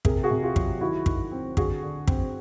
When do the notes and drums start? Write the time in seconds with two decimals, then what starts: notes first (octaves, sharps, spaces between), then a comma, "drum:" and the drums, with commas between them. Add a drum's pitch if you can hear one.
0.05 C3 G#4 A#4, drum: kick
0.23 F#4 G#4
0.31 C3
0.43 F4 G4
0.56 F#3, drum: kick
0.81 D#3 E4 F#4
1.06 D#3, drum: kick
1.32 C4
1.57 D3 F#4 G#4, drum: kick
1.83 D3
2.08 C4, drum: kick